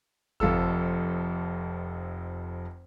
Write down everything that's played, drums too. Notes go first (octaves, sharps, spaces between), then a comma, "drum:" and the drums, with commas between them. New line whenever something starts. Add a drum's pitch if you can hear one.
F1 F2 F4 A4 E6, drum: kick G1